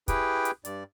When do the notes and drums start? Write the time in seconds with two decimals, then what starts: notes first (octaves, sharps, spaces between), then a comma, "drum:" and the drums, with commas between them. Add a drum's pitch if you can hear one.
0.08 E4 G4 G#4 B4 G5, drum: kick, hi-hat
0.45 drum: hi-hat
0.65 G2 D5, drum: hi-hat